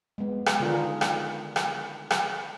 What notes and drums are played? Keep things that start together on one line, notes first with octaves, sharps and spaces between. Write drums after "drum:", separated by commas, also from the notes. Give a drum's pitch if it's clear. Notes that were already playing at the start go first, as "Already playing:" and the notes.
G#3 B3
drum: rim click
D3 D#3 D4 F4 G#4 A#4
drum: rim click
drum: rim click
drum: rim click